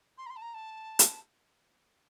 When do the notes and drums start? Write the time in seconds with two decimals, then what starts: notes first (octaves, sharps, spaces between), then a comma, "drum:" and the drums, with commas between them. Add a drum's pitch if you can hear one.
0.18 C6
0.26 A#5
0.30 C6
0.36 A5
0.42 A#5
0.54 A5
0.99 drum: hi-hat